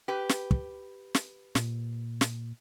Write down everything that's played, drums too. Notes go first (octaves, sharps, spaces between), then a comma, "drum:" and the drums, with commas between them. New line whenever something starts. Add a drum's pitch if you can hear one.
G4 B4
drum: snare
drum: kick
drum: snare
A#2, drum: snare
drum: snare